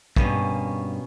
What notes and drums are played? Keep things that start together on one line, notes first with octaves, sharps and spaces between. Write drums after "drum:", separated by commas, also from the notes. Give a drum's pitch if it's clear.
G2 B2 A#3 C#4, drum: kick